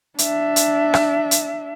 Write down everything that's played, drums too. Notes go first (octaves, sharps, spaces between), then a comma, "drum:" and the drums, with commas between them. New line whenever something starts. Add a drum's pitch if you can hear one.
D4 E5, drum: hi-hat
drum: hi-hat
drum: rim click
drum: hi-hat